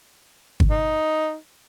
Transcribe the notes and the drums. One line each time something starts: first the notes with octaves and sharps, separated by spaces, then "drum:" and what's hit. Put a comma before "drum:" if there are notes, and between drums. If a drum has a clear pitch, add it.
drum: kick
D#4